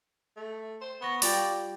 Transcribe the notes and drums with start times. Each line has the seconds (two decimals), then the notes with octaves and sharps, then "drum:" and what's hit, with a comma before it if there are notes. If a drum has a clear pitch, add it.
0.37 A3
0.81 C5
1.01 B3 B5 C#6 A#6
1.22 G3 F4 D5 G5, drum: open hi-hat